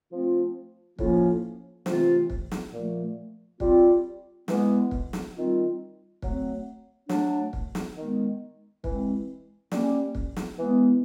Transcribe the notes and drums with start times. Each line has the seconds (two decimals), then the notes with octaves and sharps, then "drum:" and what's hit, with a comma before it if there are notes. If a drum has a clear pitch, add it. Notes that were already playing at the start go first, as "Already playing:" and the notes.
0.11 F3 A3 C4 F4
0.99 A2 F3 A#3 C#4 F4, drum: kick
1.86 C3 E3 A3 C4 F4, drum: snare
2.30 drum: kick
2.51 drum: snare
2.73 A#2 F3 A3
3.60 G3 C4 F4, drum: kick
4.48 E3 G#3 B3, drum: snare
4.91 drum: kick
5.13 drum: snare
5.35 D#3 G3 C4 F4
6.22 F#3 A3 C4, drum: kick
7.09 F#3 A3 D4, drum: snare
7.53 drum: kick
7.75 drum: snare
7.97 D#3 G#3 B3
8.84 E3 G#3 C4, drum: kick
9.72 G3 A#3 C#4, drum: snare
10.15 drum: kick
10.36 drum: snare
10.58 E3 G#3 B3